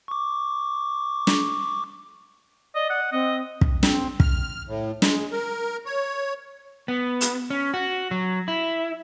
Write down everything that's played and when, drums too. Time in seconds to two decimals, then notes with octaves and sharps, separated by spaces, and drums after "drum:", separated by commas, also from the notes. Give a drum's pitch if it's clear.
0.08 C#6 D6
1.27 drum: snare
2.75 D5 D#5
2.90 F#5
3.12 C4 D#5
3.61 drum: kick
3.83 C4, drum: snare
4.20 F6, drum: kick
4.68 A2
5.02 G#3, drum: snare
5.32 A#4
5.86 C#5
6.88 B3
7.21 drum: hi-hat
7.50 C#4
7.74 F#4
8.11 F#3
8.48 E4